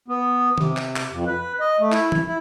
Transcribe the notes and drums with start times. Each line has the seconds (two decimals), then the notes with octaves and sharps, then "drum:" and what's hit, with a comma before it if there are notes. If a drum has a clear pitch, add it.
0.08 B3
0.58 C3, drum: tom D#3
0.77 drum: clap
0.96 drum: clap
1.11 F2
1.27 B4
1.60 D#5
1.79 A3
1.92 E4, drum: clap
2.12 drum: tom
2.26 E4